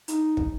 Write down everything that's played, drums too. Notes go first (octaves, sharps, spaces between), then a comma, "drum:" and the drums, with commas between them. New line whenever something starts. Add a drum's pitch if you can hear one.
D#4, drum: hi-hat
drum: kick